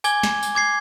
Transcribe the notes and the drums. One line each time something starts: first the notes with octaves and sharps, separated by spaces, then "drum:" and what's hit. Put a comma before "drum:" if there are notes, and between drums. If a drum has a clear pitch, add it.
G#5 D6 G#6 G7, drum: tambourine
drum: snare
drum: tambourine
D6 G#6 C7